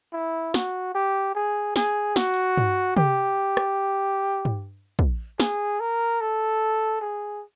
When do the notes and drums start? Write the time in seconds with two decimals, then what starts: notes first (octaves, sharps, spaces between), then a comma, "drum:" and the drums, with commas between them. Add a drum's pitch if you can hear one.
0.13 E4
0.54 F#4, drum: snare
0.95 G4
1.35 G#4
1.76 G#4, drum: snare
2.16 F#4, drum: snare
2.34 drum: open hi-hat
2.57 drum: tom G2
2.97 G4, drum: tom
3.57 drum: rim click
4.45 drum: tom G2
4.99 drum: kick
5.40 G#4, drum: snare
5.80 A#4
6.21 A4
7.01 G#4